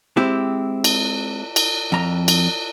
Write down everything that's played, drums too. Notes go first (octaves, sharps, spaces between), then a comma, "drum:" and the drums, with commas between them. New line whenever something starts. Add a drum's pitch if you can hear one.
G#3 C4 E4 G4
drum: cymbal
drum: cymbal
F2 A#5
drum: cymbal